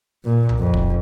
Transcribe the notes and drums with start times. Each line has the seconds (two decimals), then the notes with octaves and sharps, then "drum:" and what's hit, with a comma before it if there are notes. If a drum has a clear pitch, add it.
0.24 A#2
0.49 drum: tom C2
0.59 F2
0.74 drum: kick